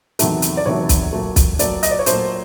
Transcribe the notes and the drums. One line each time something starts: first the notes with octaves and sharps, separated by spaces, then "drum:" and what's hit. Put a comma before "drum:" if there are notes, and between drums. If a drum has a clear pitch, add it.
E2 C3 D#3 F#3 A3, drum: hi-hat
drum: hi-hat
D5
E2 C3 D#3 F#3 A3 C#5
drum: kick, hi-hat
A#2 F#3 A3
drum: kick, hi-hat
A#2 F#3 A3 D5, drum: hi-hat
D#5, drum: hi-hat
D5
C#5
A#2 F#3 A3 C5, drum: hi-hat